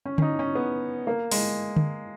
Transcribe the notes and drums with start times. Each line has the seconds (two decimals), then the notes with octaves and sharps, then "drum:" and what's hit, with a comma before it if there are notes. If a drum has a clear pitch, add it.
0.06 C#4
0.18 C#4, drum: tom D3
0.22 D#4
0.39 C#4
0.55 B3
1.07 A#3
1.32 G#3, drum: open hi-hat
1.76 drum: tom D3